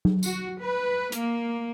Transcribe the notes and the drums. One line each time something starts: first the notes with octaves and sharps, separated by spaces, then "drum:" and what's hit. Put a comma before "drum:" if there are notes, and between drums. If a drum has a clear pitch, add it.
drum: tom F#3
F#4, drum: tambourine
B4
A#3, drum: hi-hat